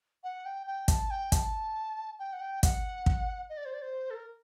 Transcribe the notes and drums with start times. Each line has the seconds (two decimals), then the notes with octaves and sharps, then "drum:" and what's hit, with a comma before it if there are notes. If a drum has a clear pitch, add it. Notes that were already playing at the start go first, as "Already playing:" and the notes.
0.24 F#5
0.45 G5
0.67 G5
0.88 A5, drum: kick, hi-hat
1.10 G5
1.32 A5, drum: kick, hi-hat
2.19 G5
2.33 F#5
2.41 G5
2.63 F#5, drum: kick, hi-hat
3.06 drum: kick
3.49 D#5
3.57 D5
3.65 C5
3.74 D5
3.82 C5
4.10 A4
4.15 A#4